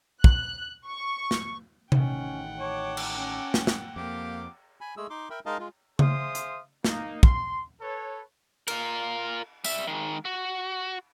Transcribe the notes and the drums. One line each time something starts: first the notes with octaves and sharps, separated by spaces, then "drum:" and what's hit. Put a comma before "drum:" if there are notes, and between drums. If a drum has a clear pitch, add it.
F#6, drum: kick
C#6
drum: snare
A1 D#3 C#4 F#5 G5, drum: tom C3
C#5 A5 D6
drum: cymbal
C#4
drum: snare
drum: snare
F2 A#3 G4 F5 D6
G#5 B5
G#3 A3 G#4 E6
D#4 C6 D6
A#4 E5 G5 B5
G#3 D#4 A#4 D#5 F5 A5
G#3 F4
G#4 C5 E5 F5 C6 D#6, drum: tom C#3
drum: hi-hat
A#3 D#4, drum: snare
C6, drum: kick
A4 B4 C#5
F4 A#4, drum: cymbal
G3 E5, drum: tambourine
D#3 G#3
F#4